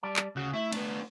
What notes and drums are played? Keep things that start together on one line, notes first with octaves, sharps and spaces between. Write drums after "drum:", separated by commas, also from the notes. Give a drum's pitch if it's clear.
G3 D5 A5
drum: clap
D2 C#3 F#4
A3 E4
B3 D4, drum: cymbal